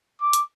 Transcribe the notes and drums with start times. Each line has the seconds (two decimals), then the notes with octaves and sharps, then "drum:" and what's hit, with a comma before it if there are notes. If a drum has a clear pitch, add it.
0.21 D6
0.33 drum: hi-hat